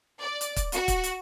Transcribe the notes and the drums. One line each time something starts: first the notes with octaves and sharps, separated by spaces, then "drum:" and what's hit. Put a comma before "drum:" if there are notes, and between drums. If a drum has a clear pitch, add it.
D5
drum: hi-hat
drum: kick, hi-hat
F#4, drum: hi-hat
drum: kick, hi-hat
drum: hi-hat